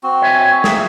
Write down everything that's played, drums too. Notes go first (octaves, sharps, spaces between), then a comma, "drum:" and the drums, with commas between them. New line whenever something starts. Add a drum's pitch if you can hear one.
C4 F#4
C#5 E5 G#5
A#3 G#4 E5, drum: snare